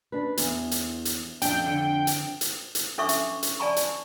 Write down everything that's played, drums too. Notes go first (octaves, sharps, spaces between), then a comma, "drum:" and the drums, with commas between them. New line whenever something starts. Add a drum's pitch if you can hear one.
D4 B4
E2, drum: hi-hat
drum: hi-hat
drum: hi-hat
F2 D4 G5, drum: hi-hat
D3
drum: hi-hat
drum: hi-hat
drum: hi-hat
C#4 D4 A4 E5 C#6 D6
drum: hi-hat
drum: hi-hat
D5 G#5 A5 B5 C#6
drum: hi-hat